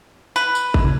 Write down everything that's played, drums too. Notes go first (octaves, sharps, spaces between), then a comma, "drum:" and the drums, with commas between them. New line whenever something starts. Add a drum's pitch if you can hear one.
B4, drum: tambourine
drum: tambourine
drum: kick G#1
C#3